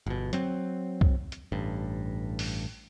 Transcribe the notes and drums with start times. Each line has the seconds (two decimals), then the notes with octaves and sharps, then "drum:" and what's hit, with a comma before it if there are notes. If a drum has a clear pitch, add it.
0.06 G1 B2
0.33 F#3 C4, drum: hi-hat
1.01 drum: kick B1
1.32 drum: hi-hat
1.52 A1 G2
2.39 drum: open hi-hat